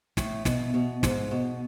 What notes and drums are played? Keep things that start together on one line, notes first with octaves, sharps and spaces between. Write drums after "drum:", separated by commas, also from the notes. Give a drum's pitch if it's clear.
A2, drum: snare
B2, drum: snare
B2
G#2, drum: snare
B2